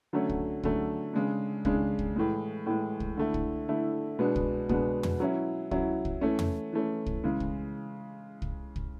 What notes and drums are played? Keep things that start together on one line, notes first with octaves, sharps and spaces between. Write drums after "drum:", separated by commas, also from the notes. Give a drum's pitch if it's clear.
D3 F#3 A3 C#4
drum: kick
D3 F#3 A3 C#4, drum: kick
C#3 G#3 D4
C#3 G#3 D4, drum: kick
drum: kick
A2 E3 G#3
A2 E3 G#3
drum: kick
D3 A3 E4
drum: kick
D3 A3 E4
B2 G#3 B3 D4
drum: kick
B2 G#3 B3 D4, drum: kick
drum: tom
F#3 C#4 E4
F#3 C#4 E4, drum: kick
drum: kick
E3 A3 C#4
drum: tom
E3 A3 C#4
drum: kick
C#3 E3 G#3
drum: kick
drum: kick
drum: kick